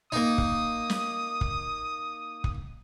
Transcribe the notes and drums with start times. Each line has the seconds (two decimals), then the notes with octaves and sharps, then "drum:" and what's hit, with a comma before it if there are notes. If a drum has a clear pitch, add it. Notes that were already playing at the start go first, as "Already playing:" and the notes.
0.12 A#3 D#4 D#6
0.38 drum: kick
0.90 drum: snare
1.41 drum: kick
2.44 drum: kick